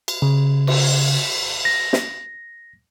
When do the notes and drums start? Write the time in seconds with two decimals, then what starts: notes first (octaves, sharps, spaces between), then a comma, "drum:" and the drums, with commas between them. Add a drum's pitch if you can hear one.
0.08 drum: cymbal
0.22 C#3
0.67 drum: cymbal
1.65 A#6
1.93 drum: snare